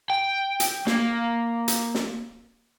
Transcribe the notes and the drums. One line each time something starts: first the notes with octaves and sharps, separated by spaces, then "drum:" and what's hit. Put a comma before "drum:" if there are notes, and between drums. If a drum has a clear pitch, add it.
G5
drum: hi-hat
A#3, drum: snare
drum: hi-hat
drum: snare